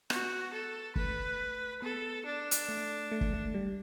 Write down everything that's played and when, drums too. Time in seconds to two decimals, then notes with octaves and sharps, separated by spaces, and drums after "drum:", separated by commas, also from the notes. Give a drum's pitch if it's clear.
0.10 B3 F#4, drum: rim click
0.53 A4
0.96 A3 B4, drum: kick
1.82 B3 A4
2.25 D4
2.51 drum: hi-hat
2.69 A3
3.12 A3
3.21 drum: kick
3.33 A3
3.54 G3